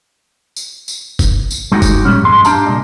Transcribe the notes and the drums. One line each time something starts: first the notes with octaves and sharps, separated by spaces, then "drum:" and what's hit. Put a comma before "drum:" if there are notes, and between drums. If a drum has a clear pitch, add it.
drum: tambourine
drum: tambourine
drum: kick, tambourine
drum: tambourine
G#3 D#4 F#4 G4
drum: kick, tambourine
A#2 G3 C#4
F2 G#2 G#3 C6
D4 G4 F5 A5 A#5, drum: tambourine
C2 A#2 G#3 D4 D#5